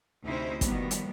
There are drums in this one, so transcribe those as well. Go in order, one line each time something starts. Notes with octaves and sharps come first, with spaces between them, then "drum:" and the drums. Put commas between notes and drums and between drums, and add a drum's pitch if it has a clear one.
D2 C3 C#4 D#4 E4 C5
B2 D#3 F3 G3 A#3 B3, drum: kick, hi-hat
drum: hi-hat